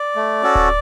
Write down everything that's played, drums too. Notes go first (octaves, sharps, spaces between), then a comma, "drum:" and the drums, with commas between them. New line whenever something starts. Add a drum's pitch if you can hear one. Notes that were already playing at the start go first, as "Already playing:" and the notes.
Already playing: D5
A3
C#4 F#4 A4
drum: kick D1